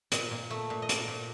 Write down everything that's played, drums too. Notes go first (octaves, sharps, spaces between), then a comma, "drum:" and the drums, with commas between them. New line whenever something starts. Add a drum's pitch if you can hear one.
A#2 D#5, drum: hi-hat
A#2
A3
A#2
D#5
A#2 D5, drum: hi-hat
A#2